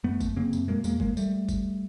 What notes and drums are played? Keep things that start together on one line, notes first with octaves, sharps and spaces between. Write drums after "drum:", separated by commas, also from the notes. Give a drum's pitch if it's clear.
F#2 A3 B3
F#2, drum: kick G1, tambourine
C#3 A#3 C4
F#2, drum: tambourine
B2 G#3 A#3
E2 G#3 A#3, drum: tambourine
E2 G#3 A#3, drum: kick G1
G3 A3, drum: tambourine
drum: kick G1, tambourine